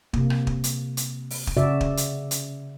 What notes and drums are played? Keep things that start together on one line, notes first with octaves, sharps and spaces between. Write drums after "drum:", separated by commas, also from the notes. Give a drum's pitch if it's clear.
C3 A#3, drum: kick
drum: rim click
drum: kick
drum: hi-hat
drum: hi-hat
drum: open hi-hat
drum: kick
C#3 F#4 D5 E5
drum: kick
drum: hi-hat
drum: hi-hat